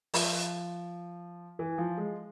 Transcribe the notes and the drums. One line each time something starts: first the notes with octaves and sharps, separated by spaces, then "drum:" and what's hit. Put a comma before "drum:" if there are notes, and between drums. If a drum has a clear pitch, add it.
F3, drum: open hi-hat
E3
F3
G#3